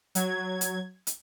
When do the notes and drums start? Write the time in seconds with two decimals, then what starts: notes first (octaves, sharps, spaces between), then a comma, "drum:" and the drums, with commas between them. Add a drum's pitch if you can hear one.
0.15 F#3 G#6, drum: hi-hat
0.61 drum: hi-hat
1.07 drum: hi-hat